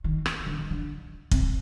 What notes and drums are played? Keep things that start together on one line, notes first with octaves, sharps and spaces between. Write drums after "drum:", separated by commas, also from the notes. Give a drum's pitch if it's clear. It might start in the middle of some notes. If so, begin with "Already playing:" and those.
D#3
drum: rim click
D3
D#3
D3
C3, drum: kick